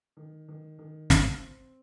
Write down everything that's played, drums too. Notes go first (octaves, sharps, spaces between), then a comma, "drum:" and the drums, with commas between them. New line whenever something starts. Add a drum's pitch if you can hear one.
D#3
D#3
D#3
C4, drum: snare
C4